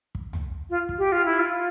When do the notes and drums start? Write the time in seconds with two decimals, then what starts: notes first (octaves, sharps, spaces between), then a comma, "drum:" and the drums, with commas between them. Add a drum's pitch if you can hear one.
0.15 drum: kick
0.33 drum: tom
0.70 F4
0.89 drum: kick
0.98 G4
1.12 F4
1.25 E4
1.39 F4